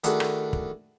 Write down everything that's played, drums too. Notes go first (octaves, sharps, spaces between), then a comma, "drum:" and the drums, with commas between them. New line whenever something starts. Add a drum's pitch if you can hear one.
D#3 A3 D4 E4 F#4 G#4, drum: hi-hat
drum: rim click
drum: kick